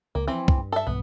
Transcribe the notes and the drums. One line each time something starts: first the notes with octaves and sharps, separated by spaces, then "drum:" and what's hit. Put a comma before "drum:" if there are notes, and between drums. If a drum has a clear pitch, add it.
C#2 A#3
E3 F3 C4
drum: kick
G2
A4 E5
B1 G2 E3 B3